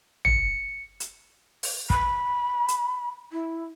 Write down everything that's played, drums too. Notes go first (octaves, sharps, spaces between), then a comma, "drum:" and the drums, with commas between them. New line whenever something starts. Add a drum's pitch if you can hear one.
C#7, drum: tom
drum: hi-hat
drum: open hi-hat
B5, drum: kick
drum: hi-hat
E4